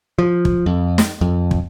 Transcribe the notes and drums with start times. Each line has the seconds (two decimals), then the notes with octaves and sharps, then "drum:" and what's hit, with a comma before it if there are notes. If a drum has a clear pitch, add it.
0.19 F3
0.45 drum: kick
0.66 F2
0.98 drum: snare
1.21 F2
1.51 drum: kick